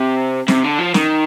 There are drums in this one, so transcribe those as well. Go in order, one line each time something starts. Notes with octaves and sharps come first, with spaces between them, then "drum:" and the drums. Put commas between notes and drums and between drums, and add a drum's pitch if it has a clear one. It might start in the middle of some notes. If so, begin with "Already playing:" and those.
Already playing: C3
C3, drum: snare
D3
F3
D#3, drum: snare